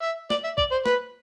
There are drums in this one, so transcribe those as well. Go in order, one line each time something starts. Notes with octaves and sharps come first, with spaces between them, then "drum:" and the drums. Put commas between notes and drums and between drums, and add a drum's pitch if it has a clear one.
E5
D5, drum: snare
E5
D5, drum: kick A#1
C5
B4, drum: snare